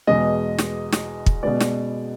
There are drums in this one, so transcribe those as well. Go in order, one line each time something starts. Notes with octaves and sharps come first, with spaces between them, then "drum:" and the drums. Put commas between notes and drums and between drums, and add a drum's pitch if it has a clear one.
E2 B2 G#3 D#5
drum: snare
drum: snare
drum: kick
B2 G#3 B3 D5
drum: snare